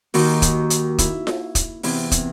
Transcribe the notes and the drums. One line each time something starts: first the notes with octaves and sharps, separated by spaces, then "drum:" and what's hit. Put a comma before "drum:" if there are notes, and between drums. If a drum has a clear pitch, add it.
D#2 D#3 F#4, drum: open hi-hat
drum: kick, hi-hat
drum: hi-hat
E4, drum: kick, hi-hat
drum: snare F4
drum: kick, hi-hat
E2 C3 E3 E4, drum: open hi-hat
drum: kick, hi-hat